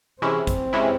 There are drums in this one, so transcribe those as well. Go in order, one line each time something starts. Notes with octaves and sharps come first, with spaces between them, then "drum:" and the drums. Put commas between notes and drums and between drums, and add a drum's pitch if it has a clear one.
C3 E3 G#3 C4 C#4 E4
drum: kick G#1, hi-hat
C3 E3 G#3 C#4 E4